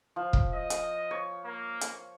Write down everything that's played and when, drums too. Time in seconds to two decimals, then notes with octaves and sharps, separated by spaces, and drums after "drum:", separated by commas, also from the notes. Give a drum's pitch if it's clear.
0.16 F3
0.33 drum: kick
0.53 D#5
0.70 drum: hi-hat
1.11 C#5
1.44 A#3
1.81 drum: hi-hat